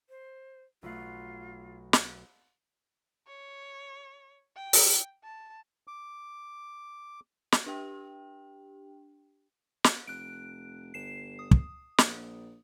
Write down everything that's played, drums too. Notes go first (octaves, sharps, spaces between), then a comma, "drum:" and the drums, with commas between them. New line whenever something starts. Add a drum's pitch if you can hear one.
C5
B1 A3 F4 F#5
drum: snare
C#5
G5
drum: open hi-hat
A5
D6
drum: snare
D4 G4 G5
drum: snare
F1 F#6 D7
G1 C7 E7
D#6
drum: kick
A#1, drum: snare